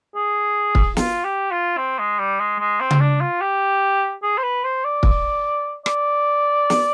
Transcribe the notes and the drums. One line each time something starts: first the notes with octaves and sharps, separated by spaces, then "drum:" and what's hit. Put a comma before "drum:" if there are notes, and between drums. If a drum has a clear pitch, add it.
G#4
drum: kick
F4, drum: snare
G4
F4
C4
G#3
G3
G#3
G#3
C4
drum: tom C#3
D4
F4
G4
G#4
C5
B4
C5
D5
drum: kick
D5, drum: rim click
drum: snare